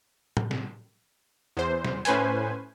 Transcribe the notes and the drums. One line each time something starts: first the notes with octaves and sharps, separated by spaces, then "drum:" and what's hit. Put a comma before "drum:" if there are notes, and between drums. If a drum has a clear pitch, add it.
drum: tom A2
drum: snare
E2 C5
drum: snare
A2 C#4 B4 C5 G#5, drum: hi-hat